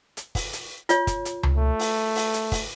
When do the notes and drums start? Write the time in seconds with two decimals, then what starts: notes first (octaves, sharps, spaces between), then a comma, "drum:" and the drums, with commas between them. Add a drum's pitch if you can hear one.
0.17 drum: hi-hat
0.35 drum: kick, open hi-hat
0.53 drum: hi-hat
0.89 F4 C#5, drum: hi-hat
1.07 drum: kick, hi-hat
1.25 drum: hi-hat
1.43 drum: tom C#2
1.57 A3
1.79 drum: open hi-hat
2.16 drum: open hi-hat
2.34 drum: hi-hat
2.52 drum: kick, open hi-hat